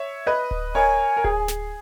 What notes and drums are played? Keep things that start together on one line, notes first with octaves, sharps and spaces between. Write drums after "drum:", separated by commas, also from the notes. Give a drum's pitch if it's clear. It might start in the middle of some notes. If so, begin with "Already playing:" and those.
Already playing: C#5 E5
B4 D#5
drum: kick D1
A#4 C#5 G#5
A#4
G#4, drum: kick D1
drum: snare